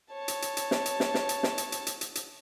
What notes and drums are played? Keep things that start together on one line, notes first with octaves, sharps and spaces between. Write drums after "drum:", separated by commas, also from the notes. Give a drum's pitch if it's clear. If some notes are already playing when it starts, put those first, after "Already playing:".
C#5 A5
drum: hi-hat
drum: hi-hat
drum: hi-hat
drum: snare
drum: hi-hat
drum: snare
drum: snare
drum: hi-hat
drum: snare
drum: hi-hat
drum: hi-hat
drum: hi-hat
drum: hi-hat
drum: hi-hat